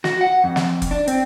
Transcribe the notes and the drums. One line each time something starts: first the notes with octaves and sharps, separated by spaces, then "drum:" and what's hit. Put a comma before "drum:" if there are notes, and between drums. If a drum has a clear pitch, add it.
F#4, drum: snare
F#5
F2
drum: snare
drum: kick F1, hi-hat
D4
C4, drum: hi-hat